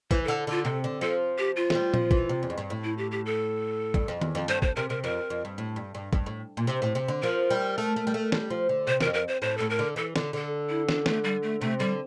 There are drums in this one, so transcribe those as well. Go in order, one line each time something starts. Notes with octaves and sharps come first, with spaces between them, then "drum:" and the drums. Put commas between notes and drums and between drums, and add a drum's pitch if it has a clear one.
E3 C5, drum: kick
D3 A4
D3 F4
C3 A4
D3
F3 A4
G4
F4
A3, drum: snare
G3
F3, drum: tom A#2
E3, drum: kick
C3
E2
F2
G2
A2
E4
G4
G4
A4
G2, drum: kick
F2
E2, drum: tom D#3
F2
G2 C5, drum: hi-hat
C5, drum: kick
C3 A#4
C3 A#4
F2 A#4
F2
G2
A2
G2
G2
G2, drum: kick
A2
A#2
C3
A2
C3
D3
F3 A#4
G3
A3
A3
G3
A3
G3, drum: snare
F3
D3
C3 C5
A#4, drum: snare
F2
A#4
C5
A2 C5
A2 A4
A#4
D3
E3 A4
D3, drum: snare
D3 A4
E4
D4, drum: snare
A3, drum: snare
G3
A3
C3 A3
D3 G3